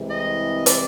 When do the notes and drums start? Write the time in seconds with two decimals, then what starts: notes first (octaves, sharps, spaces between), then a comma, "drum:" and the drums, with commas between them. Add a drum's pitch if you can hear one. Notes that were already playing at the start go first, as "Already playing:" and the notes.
Already playing: C2 C3 E3 G#3
0.10 D#5
0.66 D5, drum: hi-hat